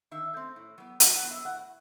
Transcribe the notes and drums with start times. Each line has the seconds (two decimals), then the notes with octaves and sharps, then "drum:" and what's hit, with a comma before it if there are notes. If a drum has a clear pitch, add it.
0.11 D#3 E5
0.33 A3 C4
0.56 A2
0.78 F#3 B3
1.00 A2 F#5, drum: hi-hat
1.15 F#5
1.23 F#3 B3
1.31 E5
1.45 A2 F#5